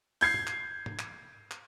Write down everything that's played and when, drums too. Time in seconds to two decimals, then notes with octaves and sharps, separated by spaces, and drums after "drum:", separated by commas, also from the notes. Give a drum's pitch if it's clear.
0.21 G6 G#6 C7, drum: open hi-hat
0.34 drum: tom G#2
0.47 drum: clap
0.86 drum: tom G#2
0.99 drum: clap
1.51 drum: clap